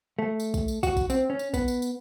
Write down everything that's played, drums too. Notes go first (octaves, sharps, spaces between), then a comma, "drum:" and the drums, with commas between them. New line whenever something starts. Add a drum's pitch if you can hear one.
A3
drum: tambourine
drum: kick, tambourine
drum: tambourine
F#4, drum: kick, tambourine
drum: kick, tambourine
C4, drum: tambourine
C#4
drum: tambourine
B3, drum: kick, tambourine
drum: tambourine
drum: tambourine